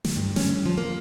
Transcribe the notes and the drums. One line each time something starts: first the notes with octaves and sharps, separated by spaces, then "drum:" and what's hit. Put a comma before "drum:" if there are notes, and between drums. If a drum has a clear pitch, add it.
drum: snare
G2
C#4, drum: snare
F2
F3
A#3